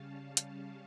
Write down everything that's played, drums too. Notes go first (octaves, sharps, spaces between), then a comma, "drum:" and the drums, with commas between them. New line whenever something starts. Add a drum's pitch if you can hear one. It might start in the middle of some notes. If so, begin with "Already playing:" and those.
Already playing: C#3 G3 C#4 F5 A5
drum: hi-hat